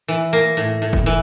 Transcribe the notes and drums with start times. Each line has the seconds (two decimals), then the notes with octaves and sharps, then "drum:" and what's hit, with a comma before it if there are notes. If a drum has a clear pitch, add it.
0.08 E3
0.33 A#3
0.57 A2
0.82 A2
0.93 drum: kick
1.06 E3